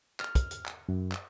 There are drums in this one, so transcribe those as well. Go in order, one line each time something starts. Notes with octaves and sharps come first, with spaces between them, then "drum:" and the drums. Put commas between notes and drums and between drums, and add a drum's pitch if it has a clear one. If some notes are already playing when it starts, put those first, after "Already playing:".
F6, drum: clap
drum: kick, hi-hat
drum: hi-hat
drum: clap
F#2
drum: clap